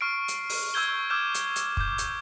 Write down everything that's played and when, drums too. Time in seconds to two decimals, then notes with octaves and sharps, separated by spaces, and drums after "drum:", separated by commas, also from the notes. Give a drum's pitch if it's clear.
0.01 C#6 F6 C7 D7
0.28 drum: hi-hat
0.50 drum: open hi-hat
0.74 C#6 E6 G6 G#6 G7
1.10 D6 E6 F6 G6 G#6 E7
1.35 drum: hi-hat
1.56 drum: hi-hat
1.77 D6 G6, drum: kick
1.98 drum: hi-hat